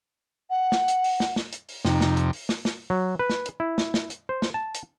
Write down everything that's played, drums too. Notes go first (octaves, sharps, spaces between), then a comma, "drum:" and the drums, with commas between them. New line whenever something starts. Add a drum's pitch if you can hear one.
F#5
drum: snare
drum: hi-hat
drum: open hi-hat
drum: snare
drum: snare
drum: hi-hat
drum: open hi-hat
F2 C3 D#4, drum: snare
drum: snare
drum: hi-hat
drum: open hi-hat
drum: snare
drum: snare
F#3
B4
drum: snare
drum: hi-hat
E4
drum: snare
drum: snare
drum: hi-hat
C5
drum: snare
A5
drum: hi-hat